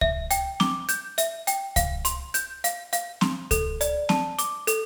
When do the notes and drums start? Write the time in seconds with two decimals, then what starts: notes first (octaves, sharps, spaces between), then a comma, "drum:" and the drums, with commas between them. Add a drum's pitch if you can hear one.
0.01 E5, drum: kick C#2
0.31 G5, drum: hi-hat
0.60 D6, drum: snare C4
0.89 G6, drum: hi-hat
1.18 E5, drum: hi-hat
1.47 G5, drum: hi-hat
1.76 F5, drum: kick C#2, hi-hat
2.05 C6, drum: hi-hat
2.34 G6, drum: hi-hat
2.64 F5, drum: hi-hat
2.93 F5, drum: hi-hat
3.21 C6, drum: snare C4
3.51 A4, drum: kick C#2, hi-hat
3.81 D5, drum: hi-hat
4.09 A5, drum: snare C4
4.39 D6, drum: hi-hat
4.67 A4, drum: hi-hat